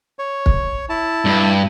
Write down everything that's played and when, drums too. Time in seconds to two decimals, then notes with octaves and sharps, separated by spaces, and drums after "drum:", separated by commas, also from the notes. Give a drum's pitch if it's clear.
0.19 C#5
0.46 drum: kick
0.89 E4 A5
1.25 G2